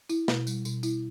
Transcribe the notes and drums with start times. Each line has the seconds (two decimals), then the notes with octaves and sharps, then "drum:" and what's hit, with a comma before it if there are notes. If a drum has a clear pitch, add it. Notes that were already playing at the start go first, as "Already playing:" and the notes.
0.09 E4, drum: tambourine
0.28 B2, drum: snare
0.47 G3, drum: tambourine
0.65 B2, drum: tambourine
0.83 E4, drum: tambourine